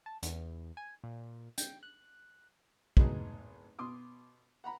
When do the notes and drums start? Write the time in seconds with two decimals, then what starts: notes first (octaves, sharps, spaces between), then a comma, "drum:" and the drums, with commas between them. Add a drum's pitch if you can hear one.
0.06 A5
0.23 E2, drum: hi-hat
0.77 G#5
1.04 A#2
1.58 G5, drum: hi-hat
1.83 F#6
2.97 G#1 A2 F#3 B3 D#4 G#4, drum: kick
3.79 B2 C6 D6 D#6
4.64 F#5 A#5 B5